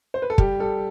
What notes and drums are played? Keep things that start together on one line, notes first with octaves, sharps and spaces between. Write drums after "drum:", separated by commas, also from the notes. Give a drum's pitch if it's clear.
C5
B4
A4
G3 G4, drum: kick
G3 A4